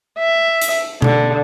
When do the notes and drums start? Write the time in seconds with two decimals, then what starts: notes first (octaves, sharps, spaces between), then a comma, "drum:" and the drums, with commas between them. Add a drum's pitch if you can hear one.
0.19 E5
0.62 drum: hi-hat
1.02 D3, drum: tom B2